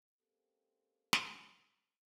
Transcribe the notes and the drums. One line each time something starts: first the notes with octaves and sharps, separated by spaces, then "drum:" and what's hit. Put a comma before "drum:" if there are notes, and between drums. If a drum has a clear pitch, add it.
G#3 A#3 C4 C#4 G4 A4
drum: snare